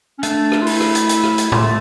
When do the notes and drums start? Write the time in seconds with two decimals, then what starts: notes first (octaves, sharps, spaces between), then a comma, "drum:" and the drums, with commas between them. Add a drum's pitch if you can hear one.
0.19 C#4
0.23 A3 D4, drum: hi-hat
0.52 drum: rim click
0.61 F4
0.67 E4, drum: open hi-hat
0.80 drum: rim click
0.95 drum: hi-hat
1.09 drum: hi-hat
1.24 drum: rim click
1.38 drum: hi-hat
1.52 A3 F4, drum: tom A2